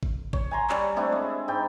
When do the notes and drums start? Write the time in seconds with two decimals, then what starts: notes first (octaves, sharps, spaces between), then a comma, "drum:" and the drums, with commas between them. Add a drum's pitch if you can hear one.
0.03 drum: kick G#1
0.33 C#5, drum: kick G#1
0.51 G#5 A#5 C6
0.70 G3 C#4, drum: clap
0.96 A3 C4 D4 E4
1.12 G#3
1.48 G#2 G5